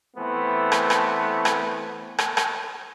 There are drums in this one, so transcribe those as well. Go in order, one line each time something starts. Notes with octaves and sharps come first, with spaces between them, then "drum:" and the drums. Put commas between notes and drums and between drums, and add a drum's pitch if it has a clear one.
E3 A3 B3 C4
drum: rim click
drum: rim click
drum: rim click
drum: rim click
drum: rim click